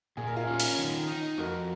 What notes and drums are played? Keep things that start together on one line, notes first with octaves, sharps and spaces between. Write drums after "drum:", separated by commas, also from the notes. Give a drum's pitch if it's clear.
A#2 G#4
A#4
F4 G#4
C#4
drum: hi-hat
D#3
D#4
F2 F#4 A#4